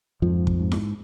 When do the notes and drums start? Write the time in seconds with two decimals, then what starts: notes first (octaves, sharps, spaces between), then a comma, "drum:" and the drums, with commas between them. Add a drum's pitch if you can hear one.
0.22 F2 G#2 F3
0.47 drum: kick
0.60 G#2
0.72 drum: snare E4